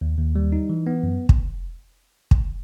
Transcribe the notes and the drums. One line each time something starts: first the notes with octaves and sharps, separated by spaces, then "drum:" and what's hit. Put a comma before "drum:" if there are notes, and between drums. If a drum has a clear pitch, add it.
D#2
D#2
G3
D#4
E3
B3
F#2
drum: kick
drum: kick